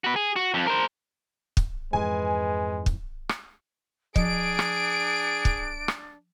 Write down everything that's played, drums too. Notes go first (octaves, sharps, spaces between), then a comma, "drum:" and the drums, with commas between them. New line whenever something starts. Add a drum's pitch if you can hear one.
F#4 B4
G#4
F#4
F2
A#4 C5
drum: kick
F2 G#2 E3 G#3 B4 G#5
drum: kick
drum: rim click
F3 D4 G#4 D7, drum: kick
drum: rim click
drum: kick
drum: rim click